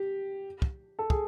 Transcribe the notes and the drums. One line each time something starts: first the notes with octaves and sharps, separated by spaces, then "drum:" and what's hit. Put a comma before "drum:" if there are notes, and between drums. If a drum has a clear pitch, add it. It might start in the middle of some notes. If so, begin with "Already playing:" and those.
Already playing: G4
drum: kick
A4
G#4, drum: kick